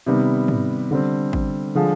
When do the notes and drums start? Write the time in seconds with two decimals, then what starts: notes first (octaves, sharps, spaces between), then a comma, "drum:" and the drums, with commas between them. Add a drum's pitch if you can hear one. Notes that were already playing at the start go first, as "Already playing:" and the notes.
0.06 C3 D#3 G3 B3
0.48 drum: tom G#2
0.91 D3 G3 C4
1.33 drum: kick
1.75 D3 F3 G#3